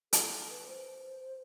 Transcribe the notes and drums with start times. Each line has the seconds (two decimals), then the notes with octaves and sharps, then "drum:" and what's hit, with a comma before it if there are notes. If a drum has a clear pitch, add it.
0.13 A4, drum: hi-hat
0.50 B4
0.68 C5